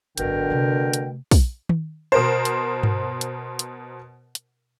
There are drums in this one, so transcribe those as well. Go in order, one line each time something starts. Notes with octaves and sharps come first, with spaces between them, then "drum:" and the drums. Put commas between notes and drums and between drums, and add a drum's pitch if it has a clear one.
G#1 F#2 B2 D3 A#4 G5, drum: hi-hat
C3 A3
drum: hi-hat
drum: kick, open hi-hat
drum: tom D#3
B2 A#4 C5
drum: hi-hat
drum: tom G2
drum: hi-hat
drum: hi-hat
drum: hi-hat